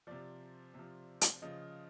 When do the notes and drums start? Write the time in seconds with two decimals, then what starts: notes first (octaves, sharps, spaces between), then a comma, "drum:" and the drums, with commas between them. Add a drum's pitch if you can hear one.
0.07 C3 F3 D5
0.74 C3 F3
1.21 drum: hi-hat
1.42 C#3 F3 D#5